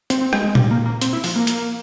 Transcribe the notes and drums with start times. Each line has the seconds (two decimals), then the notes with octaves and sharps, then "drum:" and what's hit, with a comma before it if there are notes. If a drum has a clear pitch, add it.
0.10 C4, drum: hi-hat
0.21 C4
0.33 G#3, drum: rim click
0.44 G#3
0.55 G3, drum: tom A#2
0.71 A#3
0.86 A#3
1.01 C4, drum: hi-hat
1.13 E4
1.24 F3, drum: open hi-hat
1.36 A#3
1.47 drum: hi-hat